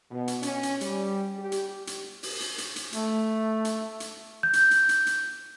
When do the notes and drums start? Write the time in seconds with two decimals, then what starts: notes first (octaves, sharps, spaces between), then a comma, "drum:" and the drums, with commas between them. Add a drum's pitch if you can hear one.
0.11 B2
0.28 drum: hi-hat
0.43 C#4, drum: hi-hat
0.63 drum: hi-hat
0.81 G3, drum: hi-hat
1.39 G4
1.52 drum: hi-hat
1.87 drum: hi-hat
2.23 drum: open hi-hat
2.40 drum: hi-hat
2.58 drum: hi-hat
2.76 drum: hi-hat
2.92 A3, drum: hi-hat
3.65 drum: hi-hat
4.00 drum: hi-hat
4.43 G6
4.53 drum: hi-hat
4.71 drum: hi-hat
4.89 drum: hi-hat
5.07 drum: hi-hat